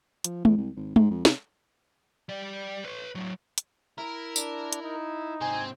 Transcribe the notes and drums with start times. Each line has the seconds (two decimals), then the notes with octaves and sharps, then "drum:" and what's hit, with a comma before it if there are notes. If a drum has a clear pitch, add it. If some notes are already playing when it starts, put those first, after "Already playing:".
0.24 F3, drum: hi-hat
0.45 E2, drum: tom G#3
0.57 C2
0.76 G#1
0.96 G#2, drum: tom G#3
1.10 F2
1.25 C3, drum: snare
2.29 G3 D5
2.85 B4 C#5
3.15 A2 F#3
3.58 drum: hi-hat
3.98 E4 A#4
4.36 D4, drum: tambourine
4.73 drum: hi-hat
4.83 D#4
5.41 G#2 C3 C4 G#5